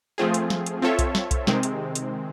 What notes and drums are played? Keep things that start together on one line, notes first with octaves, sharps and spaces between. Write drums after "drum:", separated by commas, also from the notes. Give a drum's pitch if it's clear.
F3 A3 C4 F4 G#4
drum: hi-hat
drum: snare
drum: hi-hat
C4 F4 A4 C#5 E5
drum: kick B1, hi-hat
drum: snare
drum: kick B1, hi-hat
C3 D#3 G#3 C4, drum: snare
drum: hi-hat
drum: hi-hat